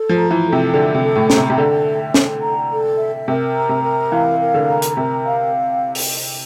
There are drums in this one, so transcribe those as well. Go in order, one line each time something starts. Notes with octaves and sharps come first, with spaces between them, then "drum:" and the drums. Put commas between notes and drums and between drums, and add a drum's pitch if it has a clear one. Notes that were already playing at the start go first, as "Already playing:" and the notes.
Already playing: A4
F3
A#5
E3
A4
C3
D3 E5
C3
A4
A2
A#5, drum: snare
C3
C3
D3 A4
E5
A4, drum: snare
A#5
A4
E5
C3 A#4
A#5
C3
A#4
E3 F5
A#4
D3
A#5
drum: hi-hat
C3 A#4
F5
drum: open hi-hat